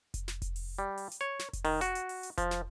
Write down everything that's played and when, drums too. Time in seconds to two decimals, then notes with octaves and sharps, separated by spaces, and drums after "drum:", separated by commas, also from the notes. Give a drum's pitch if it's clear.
0.14 drum: kick F1, hi-hat
0.28 drum: snare
0.42 drum: kick F1, hi-hat
0.56 drum: open hi-hat
0.79 G3
0.98 drum: open hi-hat
1.11 drum: hi-hat
1.21 C#5
1.39 drum: snare
1.53 drum: kick F1, hi-hat
1.65 D#3, drum: open hi-hat
1.81 F#4, drum: hi-hat
1.95 drum: hi-hat
2.09 drum: open hi-hat
2.23 drum: hi-hat
2.38 F3, drum: kick F1, hi-hat
2.51 drum: snare